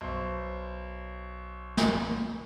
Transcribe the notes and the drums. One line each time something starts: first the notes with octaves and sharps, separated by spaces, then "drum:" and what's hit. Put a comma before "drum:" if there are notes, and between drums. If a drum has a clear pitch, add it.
B1 C5
drum: snare